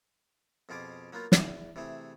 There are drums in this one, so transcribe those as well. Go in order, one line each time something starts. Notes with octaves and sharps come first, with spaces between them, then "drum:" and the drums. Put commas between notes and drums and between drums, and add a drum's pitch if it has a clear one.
F2 B2 F4 G#4 D6 D#6
F#3 A#3 B3 F4
E2, drum: snare
C3 E3 A3 G#4